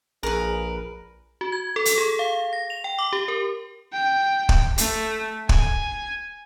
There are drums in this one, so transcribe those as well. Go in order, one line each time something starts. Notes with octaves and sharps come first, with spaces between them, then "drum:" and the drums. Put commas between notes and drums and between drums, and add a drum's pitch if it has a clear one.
A#1 G#4 A#4 B4
F#4
G#6
A4
drum: hi-hat
G#4
F5
A#6
F7
G5
D6
G4
A#4
G5
drum: kick
A3, drum: hi-hat
G#5, drum: kick